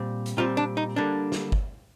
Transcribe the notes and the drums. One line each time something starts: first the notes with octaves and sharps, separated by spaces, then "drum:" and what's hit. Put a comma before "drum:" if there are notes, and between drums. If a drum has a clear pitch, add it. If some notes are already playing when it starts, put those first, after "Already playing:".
Already playing: A#2 G3 C4
drum: hi-hat
A#2 G3 C4 F4
D4
D#4
D3 G3 A#3 D4
drum: snare
drum: kick G1